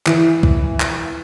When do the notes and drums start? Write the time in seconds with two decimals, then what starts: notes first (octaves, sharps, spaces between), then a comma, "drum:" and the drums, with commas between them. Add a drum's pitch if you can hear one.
0.06 E3, drum: clap
0.43 drum: kick
0.80 drum: clap